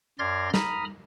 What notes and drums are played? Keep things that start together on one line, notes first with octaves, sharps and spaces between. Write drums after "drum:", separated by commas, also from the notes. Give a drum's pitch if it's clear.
F#2 D5 C6 F6 G#6 A#6
A#5 B5 D#6 F6, drum: snare